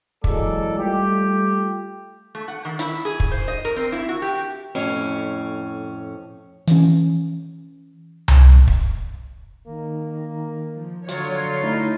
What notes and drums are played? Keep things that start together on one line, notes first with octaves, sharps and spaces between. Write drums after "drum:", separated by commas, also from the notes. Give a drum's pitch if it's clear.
E3 F#3 G#3 A#3 A4 D5, drum: kick
G3 A3 F4 G4
A3
F#5
D#3
E4, drum: hi-hat
G#4
drum: kick
C5
D#5
A#4
C4
E4
F#4
G4
F2 A2 C#4
E3 C#4, drum: hi-hat
drum: tom C2
drum: kick
D#3 A#3
F3
D3 F#3 F4 C#5, drum: hi-hat
A3 D#4 E4